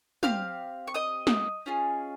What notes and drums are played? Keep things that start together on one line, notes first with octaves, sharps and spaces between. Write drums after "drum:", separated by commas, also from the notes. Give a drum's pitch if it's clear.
C4 G4 F5 F6, drum: tom
C#6
D#5 D#6
drum: snare
C#4 F4 G#4